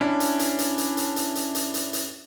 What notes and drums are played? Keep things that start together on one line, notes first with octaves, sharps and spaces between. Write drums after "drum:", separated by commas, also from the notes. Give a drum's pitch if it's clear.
C#4 D4 E4
drum: hi-hat
drum: hi-hat
drum: hi-hat
drum: hi-hat
drum: hi-hat
drum: hi-hat
drum: hi-hat
drum: hi-hat
drum: hi-hat
drum: hi-hat